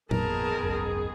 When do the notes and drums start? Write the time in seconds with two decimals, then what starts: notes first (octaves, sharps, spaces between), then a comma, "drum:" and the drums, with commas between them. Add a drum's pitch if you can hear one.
0.11 G#1 F2 A#2 D#3 B3 G#4 A#4 A5, drum: tom A#2
0.63 G#1 C#2 F#2